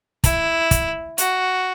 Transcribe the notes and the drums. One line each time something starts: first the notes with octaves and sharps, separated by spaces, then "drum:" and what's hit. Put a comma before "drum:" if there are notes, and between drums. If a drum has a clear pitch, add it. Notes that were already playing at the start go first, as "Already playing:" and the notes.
E4, drum: kick, hi-hat
drum: kick, hi-hat
F#4, drum: hi-hat